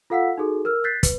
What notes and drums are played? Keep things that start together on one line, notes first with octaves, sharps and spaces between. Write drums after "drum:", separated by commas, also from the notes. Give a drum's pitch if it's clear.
F4 A4 F5 F#5 E6 B6
D#4 F#4 G#4 A4
A#4 E6 F6
F#6 G6 A6 B6 C7
B4, drum: kick, hi-hat